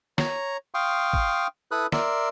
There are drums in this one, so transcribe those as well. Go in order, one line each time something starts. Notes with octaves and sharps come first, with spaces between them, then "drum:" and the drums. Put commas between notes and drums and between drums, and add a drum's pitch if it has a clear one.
C#5 A#5, drum: snare
F5 G5 C6 C#6 D#6
drum: kick
E4 A4 B4 B5 D#6 F#6
A#4 D5 E5 C6, drum: snare